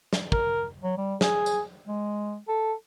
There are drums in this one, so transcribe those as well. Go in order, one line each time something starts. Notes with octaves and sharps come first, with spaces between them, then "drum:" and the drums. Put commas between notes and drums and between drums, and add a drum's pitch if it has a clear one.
drum: snare
A#4, drum: kick
F#3
G3
G#4, drum: snare
drum: tambourine
G#3
A4